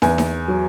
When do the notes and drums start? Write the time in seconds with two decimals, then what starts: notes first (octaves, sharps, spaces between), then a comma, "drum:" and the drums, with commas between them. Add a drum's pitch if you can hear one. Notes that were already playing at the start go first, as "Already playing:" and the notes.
0.02 E2 G#5, drum: snare
0.18 drum: snare
0.48 F#3